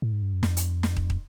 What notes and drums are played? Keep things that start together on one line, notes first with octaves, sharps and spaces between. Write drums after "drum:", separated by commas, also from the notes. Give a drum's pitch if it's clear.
A2
G#2
G2
F#2
F2, drum: snare
drum: hi-hat
drum: snare
drum: kick
drum: kick